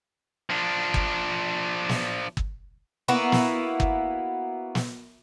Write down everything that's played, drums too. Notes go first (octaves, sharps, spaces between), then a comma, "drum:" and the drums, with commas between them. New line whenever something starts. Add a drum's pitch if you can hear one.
F3 D4
drum: kick
drum: snare
drum: kick
A#3 B3 E4 F#4
drum: snare
drum: kick
drum: snare